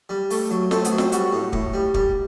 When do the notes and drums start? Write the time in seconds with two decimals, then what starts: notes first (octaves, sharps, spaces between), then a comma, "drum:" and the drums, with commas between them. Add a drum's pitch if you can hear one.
0.09 G3
0.31 A3, drum: open hi-hat
0.51 F#3
0.71 A3 C4, drum: snare
0.85 B3, drum: hi-hat
0.92 F#3
0.98 C4, drum: snare
1.12 G3 F#4, drum: hi-hat
1.33 A2
1.53 A2, drum: kick
1.74 G3
1.94 G3, drum: kick